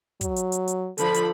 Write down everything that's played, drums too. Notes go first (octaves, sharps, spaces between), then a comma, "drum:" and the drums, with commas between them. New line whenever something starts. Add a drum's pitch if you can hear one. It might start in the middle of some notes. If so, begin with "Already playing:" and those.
F#3, drum: kick, hi-hat
drum: hi-hat
drum: hi-hat
drum: hi-hat
D3 F3 A4 B5, drum: hi-hat
drum: hi-hat